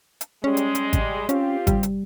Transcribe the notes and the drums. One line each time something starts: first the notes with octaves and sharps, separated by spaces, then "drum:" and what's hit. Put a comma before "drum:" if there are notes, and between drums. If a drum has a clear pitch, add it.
drum: hi-hat
G3 G#3 C#4
drum: hi-hat
drum: hi-hat
drum: kick G#1, hi-hat
C4 C#4 F4 G4, drum: hi-hat
G3, drum: kick G#1, hi-hat
drum: hi-hat